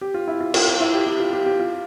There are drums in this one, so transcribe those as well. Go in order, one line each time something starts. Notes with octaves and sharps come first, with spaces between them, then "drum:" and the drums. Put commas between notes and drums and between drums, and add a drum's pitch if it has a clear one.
G4
F4
E4
F4
F4, drum: cymbal
F4
E4
G4
G4
F4
G4
G4
F4